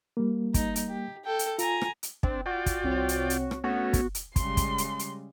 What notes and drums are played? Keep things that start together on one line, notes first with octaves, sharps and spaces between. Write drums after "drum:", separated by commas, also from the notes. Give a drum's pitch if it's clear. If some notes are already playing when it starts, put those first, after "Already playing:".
G3 A#3
D#4, drum: kick, hi-hat
drum: hi-hat
G4
A4 G5
drum: hi-hat
F4 G#5 A#5, drum: hi-hat
drum: rim click
drum: hi-hat
C4 D4, drum: kick
F4 F#4 D5 G5
drum: kick, hi-hat
C2 C4 C#5
drum: hi-hat
drum: hi-hat
drum: rim click
A3 B3 C#4 F#4
drum: kick, hi-hat
drum: hi-hat
C#3 G3 G#3 C6, drum: kick, hi-hat
drum: kick, hi-hat
drum: hi-hat
drum: hi-hat